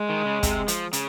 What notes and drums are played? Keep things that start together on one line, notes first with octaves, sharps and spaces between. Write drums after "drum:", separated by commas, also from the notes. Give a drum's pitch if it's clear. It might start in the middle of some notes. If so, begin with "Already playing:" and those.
Already playing: G#3
D#3
C#3
C3, drum: kick, hi-hat
F3, drum: hi-hat
C#3, drum: hi-hat